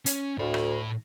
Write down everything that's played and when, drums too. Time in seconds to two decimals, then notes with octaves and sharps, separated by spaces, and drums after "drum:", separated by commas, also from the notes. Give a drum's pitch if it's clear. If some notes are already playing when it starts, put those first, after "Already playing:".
0.06 C#4 C#5, drum: hi-hat
0.38 D2 A2 B5
0.54 drum: rim click